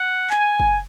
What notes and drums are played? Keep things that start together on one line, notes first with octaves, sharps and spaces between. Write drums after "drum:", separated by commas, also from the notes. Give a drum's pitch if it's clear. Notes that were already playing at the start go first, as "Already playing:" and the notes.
Already playing: F#5
G#5, drum: clap
drum: kick